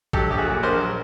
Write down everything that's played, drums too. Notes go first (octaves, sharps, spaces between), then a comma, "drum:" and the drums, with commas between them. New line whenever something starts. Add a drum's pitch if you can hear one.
F#3 G4 A4, drum: kick
A#1 G4
F#4 G#4
A#2
A#1 A#4 C5
F#3